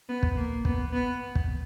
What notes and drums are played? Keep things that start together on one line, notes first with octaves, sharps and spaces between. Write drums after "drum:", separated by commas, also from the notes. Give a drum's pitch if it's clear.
B3
drum: kick
A#3
B3, drum: kick
B3
drum: kick